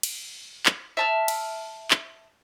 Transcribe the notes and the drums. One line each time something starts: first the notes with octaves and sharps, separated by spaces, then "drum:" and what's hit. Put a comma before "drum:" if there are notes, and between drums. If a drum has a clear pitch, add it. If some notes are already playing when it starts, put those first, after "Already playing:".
drum: cymbal
drum: clap
E5 A5 F6
drum: cymbal
drum: clap